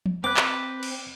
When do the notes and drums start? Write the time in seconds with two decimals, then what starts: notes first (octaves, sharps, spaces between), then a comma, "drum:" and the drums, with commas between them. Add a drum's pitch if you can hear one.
0.06 drum: tom
0.24 C4 B4 D6 F#6
0.37 drum: clap
0.83 drum: cymbal